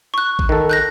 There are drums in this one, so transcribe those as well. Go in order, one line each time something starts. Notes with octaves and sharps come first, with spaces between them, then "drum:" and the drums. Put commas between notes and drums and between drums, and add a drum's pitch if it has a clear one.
C#6 F#6
drum: kick A1
D#3 A4
F#6 G6 A#6